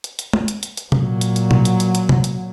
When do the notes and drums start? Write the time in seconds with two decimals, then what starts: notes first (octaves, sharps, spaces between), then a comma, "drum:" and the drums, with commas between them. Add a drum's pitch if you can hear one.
0.04 drum: hi-hat
0.19 drum: hi-hat
0.33 drum: tom
0.48 drum: hi-hat
0.63 drum: hi-hat
0.77 drum: hi-hat
0.92 A#2 F#3, drum: tom C3
1.21 drum: hi-hat
1.36 drum: hi-hat
1.51 drum: tom B2
1.65 drum: hi-hat
1.80 drum: hi-hat
1.95 drum: hi-hat
2.09 drum: tom C3
2.24 drum: hi-hat